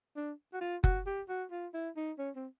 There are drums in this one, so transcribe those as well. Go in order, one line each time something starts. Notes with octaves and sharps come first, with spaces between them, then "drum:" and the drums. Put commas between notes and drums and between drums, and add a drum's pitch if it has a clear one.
D4
F#4
F4
F#4, drum: kick F#1
G4
F#4
F4
E4
D#4
C#4
C4